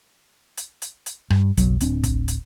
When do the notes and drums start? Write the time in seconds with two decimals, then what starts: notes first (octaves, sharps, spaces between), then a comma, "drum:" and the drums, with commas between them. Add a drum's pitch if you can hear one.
0.57 drum: hi-hat
0.82 drum: hi-hat
1.06 drum: hi-hat
1.30 G2, drum: rim click
1.57 F#1 B1 F#3, drum: hi-hat
1.80 D1 C4 D4, drum: hi-hat
2.03 drum: kick, hi-hat
2.28 drum: hi-hat